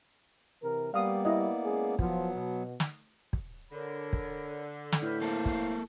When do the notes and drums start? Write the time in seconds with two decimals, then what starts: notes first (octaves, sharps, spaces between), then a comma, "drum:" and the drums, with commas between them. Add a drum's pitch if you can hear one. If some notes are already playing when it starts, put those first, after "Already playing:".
0.63 C3 E3 A#4
0.94 G3 A#3 B3 D5 F5 D#6
1.25 E4 D#5
1.64 G#3 C#4 G#4
1.99 F3 F#3 B3, drum: kick
2.34 B2
2.80 drum: snare
3.33 drum: kick
3.72 D3 A#4 C#5 B5
4.13 drum: kick
4.92 drum: snare
5.02 A2 B4 F6 G6
5.22 A#3 A4 C5 F5
5.46 drum: kick